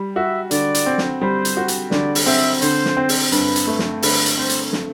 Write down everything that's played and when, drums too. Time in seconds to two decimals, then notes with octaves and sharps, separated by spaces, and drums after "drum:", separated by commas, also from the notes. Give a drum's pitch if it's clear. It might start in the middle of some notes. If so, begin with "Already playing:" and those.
Already playing: G3
0.16 F#4 E5
0.51 D3 D5, drum: hi-hat
0.75 drum: hi-hat
0.86 C4
0.98 drum: snare
1.21 G3 C5
1.45 drum: hi-hat
1.57 F#4
1.68 drum: hi-hat
1.91 D3 D5, drum: snare
2.15 drum: open hi-hat
2.26 C4 E5
2.62 D3 C5, drum: hi-hat
2.85 drum: snare
2.97 C4
3.09 drum: open hi-hat
3.32 G2 B4, drum: hi-hat
3.56 drum: hi-hat
3.67 A3
3.79 drum: snare
4.02 D3 B4, drum: open hi-hat
4.26 drum: hi-hat
4.38 C4 C5
4.49 drum: hi-hat
4.73 drum: snare